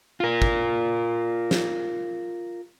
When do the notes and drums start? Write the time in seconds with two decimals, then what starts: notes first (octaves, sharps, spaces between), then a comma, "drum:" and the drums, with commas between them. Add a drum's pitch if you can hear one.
0.20 F4 A#4
0.42 drum: kick
1.51 drum: snare